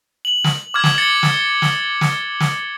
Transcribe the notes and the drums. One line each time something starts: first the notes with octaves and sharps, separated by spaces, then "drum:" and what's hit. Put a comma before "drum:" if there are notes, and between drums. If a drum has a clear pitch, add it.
F#7
drum: snare
D6 F6 G#6
drum: snare
A6 C#7 G7
drum: snare
drum: snare
drum: snare
drum: snare